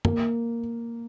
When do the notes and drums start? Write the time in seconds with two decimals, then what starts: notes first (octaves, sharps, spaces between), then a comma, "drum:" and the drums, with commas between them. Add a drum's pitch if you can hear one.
0.05 A#3, drum: tom